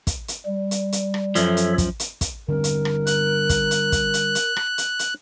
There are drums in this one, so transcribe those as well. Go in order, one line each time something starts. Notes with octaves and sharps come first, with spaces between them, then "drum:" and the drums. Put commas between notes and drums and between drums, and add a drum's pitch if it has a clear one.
drum: kick, hi-hat
drum: hi-hat
G3
drum: hi-hat
drum: hi-hat
drum: rim click
F#2 F3 A4 C#5 E5, drum: hi-hat
drum: hi-hat
drum: kick, hi-hat
drum: hi-hat
drum: kick, hi-hat
D3 G3 C4 A#4
drum: hi-hat
drum: rim click
F#6, drum: hi-hat
drum: kick, hi-hat
drum: hi-hat
drum: kick, hi-hat
drum: hi-hat
drum: hi-hat
drum: rim click
drum: hi-hat
drum: hi-hat